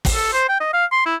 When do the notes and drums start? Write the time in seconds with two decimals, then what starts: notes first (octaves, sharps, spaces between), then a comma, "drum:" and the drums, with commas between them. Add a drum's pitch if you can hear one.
0.05 drum: kick, open hi-hat
0.14 A4
0.33 C5
0.49 G5
0.60 D#5
0.73 F5
0.92 C6
1.06 E4